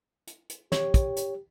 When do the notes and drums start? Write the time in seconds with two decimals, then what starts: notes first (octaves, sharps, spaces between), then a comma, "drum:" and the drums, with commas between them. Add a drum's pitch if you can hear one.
0.27 drum: hi-hat
0.50 drum: hi-hat
0.72 G4 C#5, drum: snare
0.94 drum: kick, hi-hat
1.16 drum: hi-hat